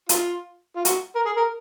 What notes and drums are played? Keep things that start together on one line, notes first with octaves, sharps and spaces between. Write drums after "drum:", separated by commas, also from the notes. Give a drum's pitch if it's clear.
F4, drum: hi-hat
F4
F#4, drum: hi-hat
A#4
G#4
A#4